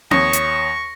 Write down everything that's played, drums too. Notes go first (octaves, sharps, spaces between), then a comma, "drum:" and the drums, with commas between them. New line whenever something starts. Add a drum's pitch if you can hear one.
D#2 C#5 C#6 D#6 A#6, drum: tom C4
drum: hi-hat